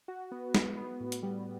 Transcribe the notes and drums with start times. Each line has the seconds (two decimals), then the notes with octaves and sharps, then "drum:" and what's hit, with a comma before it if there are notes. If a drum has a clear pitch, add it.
0.08 F#4
0.31 B3
0.55 B3, drum: snare
0.77 B3
1.00 A2
1.12 drum: hi-hat
1.23 G3